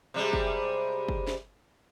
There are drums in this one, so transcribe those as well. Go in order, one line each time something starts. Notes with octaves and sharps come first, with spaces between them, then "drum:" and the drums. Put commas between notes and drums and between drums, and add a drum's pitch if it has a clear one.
C3 G3 G#3
drum: kick
drum: kick
drum: snare